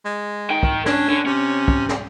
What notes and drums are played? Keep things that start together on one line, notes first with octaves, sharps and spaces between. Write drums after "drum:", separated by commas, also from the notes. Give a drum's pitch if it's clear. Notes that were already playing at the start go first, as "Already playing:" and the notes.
G#3
D#3 G5
drum: kick
C#4 D4, drum: snare
D3
C3 C#4
drum: kick
drum: snare